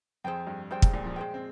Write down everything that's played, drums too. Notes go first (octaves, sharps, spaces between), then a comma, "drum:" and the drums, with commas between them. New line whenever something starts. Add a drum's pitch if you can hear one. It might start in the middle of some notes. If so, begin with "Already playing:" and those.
F2 G#4 C5 G5
G2
G2 G#4 C5 G5
G#2, drum: kick
A#2
F3
G#3 G#4 C5 G5
C4